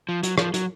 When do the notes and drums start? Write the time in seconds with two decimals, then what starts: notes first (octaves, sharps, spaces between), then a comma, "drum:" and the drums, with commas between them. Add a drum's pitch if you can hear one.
0.09 F3
0.23 F#3, drum: hi-hat
0.38 F3, drum: rim click
0.54 F#3, drum: hi-hat